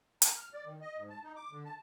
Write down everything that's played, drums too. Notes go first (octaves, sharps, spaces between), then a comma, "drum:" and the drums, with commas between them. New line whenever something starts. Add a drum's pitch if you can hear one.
A#5, drum: hi-hat
F6
D5
D#3
D#5
G#2
A5
D#4
D6
D3
A5